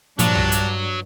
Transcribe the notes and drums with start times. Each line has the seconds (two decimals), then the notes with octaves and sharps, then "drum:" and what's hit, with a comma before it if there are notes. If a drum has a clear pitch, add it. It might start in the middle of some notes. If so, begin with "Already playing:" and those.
0.19 G2 A#2 F3 F#3 D4, drum: hi-hat
0.35 drum: tom
0.52 drum: hi-hat